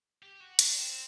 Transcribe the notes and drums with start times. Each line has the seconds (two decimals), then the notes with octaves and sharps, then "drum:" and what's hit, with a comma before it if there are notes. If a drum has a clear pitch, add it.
0.22 G4
0.40 F#4
0.59 D4, drum: hi-hat
0.77 C4